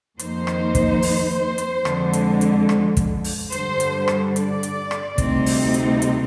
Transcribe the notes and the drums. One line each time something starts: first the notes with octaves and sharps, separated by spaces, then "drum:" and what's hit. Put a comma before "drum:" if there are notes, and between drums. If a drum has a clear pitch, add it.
F2 D#3 A#3 D#4 C5, drum: hi-hat
drum: rim click
drum: kick, hi-hat
drum: open hi-hat
drum: hi-hat
F2 D3 G#3, drum: rim click
drum: hi-hat
drum: hi-hat
drum: rim click
drum: kick, hi-hat
drum: open hi-hat
G2 D3 G3 C5, drum: hi-hat
drum: hi-hat
drum: rim click
D5, drum: hi-hat
drum: hi-hat
drum: rim click
D2 C3 G3 C4 D#4, drum: kick, hi-hat
drum: open hi-hat
drum: hi-hat
drum: hi-hat